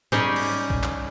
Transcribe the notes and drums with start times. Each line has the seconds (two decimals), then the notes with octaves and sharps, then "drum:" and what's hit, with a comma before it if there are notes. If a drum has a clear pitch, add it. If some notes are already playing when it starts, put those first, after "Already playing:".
0.12 G3 C#4 D#4 G4 G#4, drum: tom G#2
0.36 drum: cymbal
0.70 drum: kick A1
0.83 drum: clap